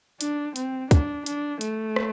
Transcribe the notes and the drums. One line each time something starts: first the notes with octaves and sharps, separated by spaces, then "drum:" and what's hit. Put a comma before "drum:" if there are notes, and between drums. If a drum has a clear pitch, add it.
D4, drum: hi-hat
C4, drum: hi-hat
D4, drum: kick, hi-hat
D4, drum: hi-hat
A3, drum: hi-hat
drum: rim click